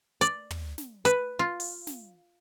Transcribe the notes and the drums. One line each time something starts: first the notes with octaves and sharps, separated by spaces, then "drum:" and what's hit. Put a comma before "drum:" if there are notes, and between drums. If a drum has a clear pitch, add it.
D5, drum: hi-hat
drum: tom
drum: snare
B4, drum: hi-hat
F4
drum: open hi-hat
drum: snare